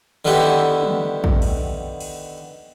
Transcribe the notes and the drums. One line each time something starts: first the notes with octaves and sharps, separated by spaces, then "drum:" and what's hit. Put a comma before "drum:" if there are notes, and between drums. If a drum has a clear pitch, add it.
D3 D#3 B3 E4 G4
drum: tom
drum: kick A#1
drum: cymbal
drum: cymbal